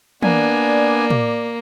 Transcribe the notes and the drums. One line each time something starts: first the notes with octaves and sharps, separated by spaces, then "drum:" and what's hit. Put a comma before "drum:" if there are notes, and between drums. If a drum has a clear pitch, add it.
A#3 B3 D4 D5 G#5, drum: tom
drum: tom